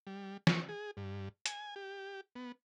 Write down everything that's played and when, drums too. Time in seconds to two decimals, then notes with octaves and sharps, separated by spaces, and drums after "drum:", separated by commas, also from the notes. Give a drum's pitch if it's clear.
0.07 G3
0.47 C#6, drum: snare
0.69 G#4
0.97 G2
1.46 G#5, drum: hi-hat
1.76 G4
2.36 B3